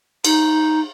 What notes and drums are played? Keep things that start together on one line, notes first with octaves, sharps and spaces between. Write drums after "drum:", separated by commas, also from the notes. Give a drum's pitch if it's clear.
D#4, drum: cymbal